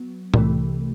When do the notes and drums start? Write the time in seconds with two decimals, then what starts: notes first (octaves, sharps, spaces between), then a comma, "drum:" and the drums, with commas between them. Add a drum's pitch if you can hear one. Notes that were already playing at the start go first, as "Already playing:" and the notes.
Already playing: F#3 B3
0.34 C2 C3 E3 A3, drum: tom A2